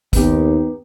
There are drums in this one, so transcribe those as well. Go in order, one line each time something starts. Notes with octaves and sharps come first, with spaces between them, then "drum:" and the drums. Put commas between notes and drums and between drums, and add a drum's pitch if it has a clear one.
D#2 B3 D#4 G4, drum: kick, hi-hat